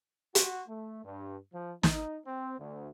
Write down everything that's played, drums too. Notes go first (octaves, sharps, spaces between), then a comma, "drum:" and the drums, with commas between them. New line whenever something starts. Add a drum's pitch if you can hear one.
F#4, drum: hi-hat
A3
G2
F3
D#4, drum: snare
C4
D2